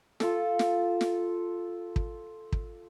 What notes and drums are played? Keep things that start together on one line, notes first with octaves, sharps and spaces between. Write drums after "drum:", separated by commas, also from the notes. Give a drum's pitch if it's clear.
F4 A4, drum: snare
drum: snare
drum: snare
drum: kick
drum: kick